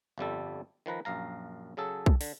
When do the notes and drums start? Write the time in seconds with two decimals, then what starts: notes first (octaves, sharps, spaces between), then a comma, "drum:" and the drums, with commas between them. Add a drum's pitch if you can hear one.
0.18 G1 F2 G3 A4
0.86 D#3 F3 B4 A#5
1.05 A#1 F#2 F5 A#5
1.77 C#3 F#3 G#4 A4
2.06 drum: kick B1
2.21 D3, drum: open hi-hat